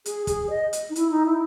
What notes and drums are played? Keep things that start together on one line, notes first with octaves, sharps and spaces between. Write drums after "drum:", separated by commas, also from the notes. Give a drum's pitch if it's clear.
G#4, drum: hi-hat
G#4, drum: kick, hi-hat
D#5
drum: hi-hat
D#4
E4, drum: hi-hat
D#4
E4